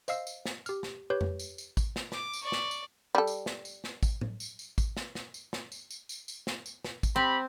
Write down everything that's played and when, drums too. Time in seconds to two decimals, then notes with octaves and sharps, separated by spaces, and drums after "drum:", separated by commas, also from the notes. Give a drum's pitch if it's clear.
0.08 C5 D#5 F5 E6 C7, drum: tambourine
0.27 drum: tambourine
0.46 drum: snare
0.66 G4 F6, drum: tambourine
0.83 drum: snare
1.10 G4 B4 C#5 G6
1.21 drum: tom F2
1.39 drum: tambourine
1.58 drum: tambourine
1.77 drum: kick G#1, tambourine
1.96 drum: snare
2.12 D6, drum: snare
2.33 drum: tambourine
2.43 D5 C#6
2.52 drum: snare
2.71 drum: tambourine
3.15 G3 A4
3.27 drum: tambourine
3.46 drum: snare
3.65 drum: tambourine
3.84 drum: snare
4.03 drum: kick G#1, tambourine
4.21 drum: tom A2
4.40 drum: tambourine
4.59 drum: tambourine
4.78 drum: kick G#1, tambourine
4.97 drum: snare
5.15 drum: snare
5.34 drum: tambourine
5.53 drum: snare
5.72 drum: tambourine
5.91 drum: tambourine
6.09 drum: tambourine
6.28 drum: tambourine
6.47 drum: snare
6.66 drum: tambourine
6.84 drum: snare
7.03 drum: kick G#1, tambourine
7.16 C4 G4 B5